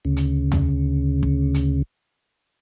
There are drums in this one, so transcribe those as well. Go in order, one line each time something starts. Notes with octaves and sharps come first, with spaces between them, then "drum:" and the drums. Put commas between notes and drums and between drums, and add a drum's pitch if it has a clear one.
D2 C#3
drum: hi-hat
drum: tom E2
drum: kick
drum: hi-hat